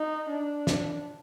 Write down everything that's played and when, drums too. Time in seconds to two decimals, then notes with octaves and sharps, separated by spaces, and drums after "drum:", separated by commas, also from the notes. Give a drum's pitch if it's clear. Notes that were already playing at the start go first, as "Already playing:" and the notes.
Already playing: D#4
0.29 D4
0.67 drum: snare